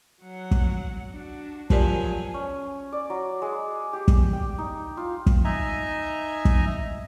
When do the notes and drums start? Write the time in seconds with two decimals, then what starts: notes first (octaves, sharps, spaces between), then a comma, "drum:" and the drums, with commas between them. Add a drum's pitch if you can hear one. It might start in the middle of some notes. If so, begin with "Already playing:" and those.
0.22 F#3 F#5
0.51 drum: kick
1.12 D4 F#4
1.70 F3 F#3 G4 A#4 D5 G#5, drum: kick
2.34 C#4
2.92 D5
3.10 F#3
3.42 G#3
3.93 G4
4.08 drum: kick
4.33 G5
4.58 D#4
4.97 F4
5.26 drum: kick
5.45 D#4 D#5 E5 G#5 A#5
6.45 drum: kick